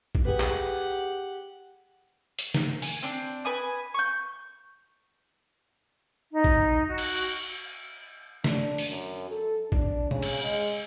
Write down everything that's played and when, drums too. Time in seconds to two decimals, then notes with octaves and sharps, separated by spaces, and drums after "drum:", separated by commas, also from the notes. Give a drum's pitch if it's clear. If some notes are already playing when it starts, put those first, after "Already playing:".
0.15 drum: kick A1
0.25 G4 G#4 B4 F#5
0.40 drum: clap
2.39 drum: hi-hat
2.54 drum: snare
2.82 G#5, drum: open hi-hat
3.02 C4 D4
3.45 B4 G#5 D#6
3.94 C#6 G6
6.32 D#4
6.44 drum: kick A1
6.87 F#4
6.98 drum: cymbal
8.44 D4, drum: snare
8.78 drum: open hi-hat
8.90 F#2
9.30 A4
9.72 D4, drum: kick A1
10.11 C#3, drum: tom
10.22 drum: cymbal
10.43 G#3